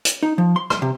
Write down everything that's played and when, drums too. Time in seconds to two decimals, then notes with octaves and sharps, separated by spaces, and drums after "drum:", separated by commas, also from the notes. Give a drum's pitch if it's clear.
0.05 drum: hi-hat
0.23 D#4
0.38 F3
0.56 C6
0.70 C6, drum: rim click
0.82 C3